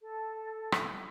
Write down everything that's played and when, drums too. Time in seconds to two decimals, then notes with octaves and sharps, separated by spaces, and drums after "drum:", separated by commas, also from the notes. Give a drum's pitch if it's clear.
0.01 A4
0.72 drum: rim click